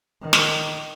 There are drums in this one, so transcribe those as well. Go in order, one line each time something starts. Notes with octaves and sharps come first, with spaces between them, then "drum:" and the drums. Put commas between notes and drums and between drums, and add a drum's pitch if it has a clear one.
D#3
drum: snare